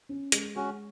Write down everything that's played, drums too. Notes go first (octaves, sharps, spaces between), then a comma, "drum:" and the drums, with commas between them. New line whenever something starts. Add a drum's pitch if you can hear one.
C#4
G#3, drum: hi-hat
G#3 C#4 F#4